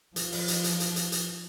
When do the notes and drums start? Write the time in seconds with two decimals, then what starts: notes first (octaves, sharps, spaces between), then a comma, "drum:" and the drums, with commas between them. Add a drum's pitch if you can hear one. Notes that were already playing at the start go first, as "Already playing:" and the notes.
0.16 F3, drum: hi-hat
0.32 drum: open hi-hat
0.48 drum: hi-hat
0.64 drum: hi-hat
0.80 drum: hi-hat
0.96 drum: hi-hat
1.12 drum: hi-hat